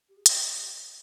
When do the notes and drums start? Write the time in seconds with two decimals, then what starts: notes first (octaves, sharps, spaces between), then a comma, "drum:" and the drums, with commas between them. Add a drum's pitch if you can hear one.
0.09 G4
0.17 G#4
0.26 F#4, drum: hi-hat
0.30 G4